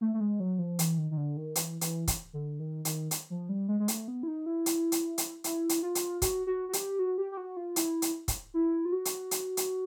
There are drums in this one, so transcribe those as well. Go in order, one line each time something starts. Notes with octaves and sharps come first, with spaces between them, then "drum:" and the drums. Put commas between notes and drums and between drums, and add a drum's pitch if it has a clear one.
A3
A3
G#3
F#3
F3
E3, drum: hi-hat
D#3
D#3
D3
D#3
E3, drum: hi-hat
E3, drum: hi-hat
drum: kick, hi-hat
D3
D#3
D#3, drum: hi-hat
drum: hi-hat
F3
G3
G#3
G#3
A3, drum: hi-hat
B3
E4
D#4
E4
drum: hi-hat
drum: hi-hat
drum: hi-hat
E4, drum: hi-hat
drum: hi-hat
F4
drum: hi-hat
F#4, drum: kick, hi-hat
F#4
F#4
G4, drum: hi-hat
F#4
G4
G4
F#4
F4
E4, drum: hi-hat
drum: hi-hat
drum: kick, hi-hat
E4
F4
F#4
drum: hi-hat
drum: hi-hat
drum: hi-hat